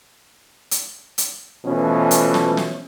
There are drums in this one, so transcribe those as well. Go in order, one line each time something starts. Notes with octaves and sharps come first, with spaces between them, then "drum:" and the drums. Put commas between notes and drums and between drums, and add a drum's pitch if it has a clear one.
drum: hi-hat
drum: hi-hat
B2 E3 F3 A3 C#4
drum: hi-hat
drum: snare
drum: snare